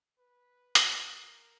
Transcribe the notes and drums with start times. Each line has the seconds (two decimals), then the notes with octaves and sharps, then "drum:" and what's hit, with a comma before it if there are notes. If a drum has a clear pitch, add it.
0.18 B4
0.75 drum: hi-hat
1.12 A#4